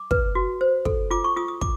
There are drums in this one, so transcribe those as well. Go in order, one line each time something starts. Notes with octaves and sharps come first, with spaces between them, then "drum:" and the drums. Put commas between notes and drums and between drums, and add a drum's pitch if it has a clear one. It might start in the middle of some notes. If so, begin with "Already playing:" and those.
Already playing: D6
B4, drum: kick
F#4
C5
A4, drum: kick
F4 D6
C#6
F4 D#6
D#6
D6, drum: kick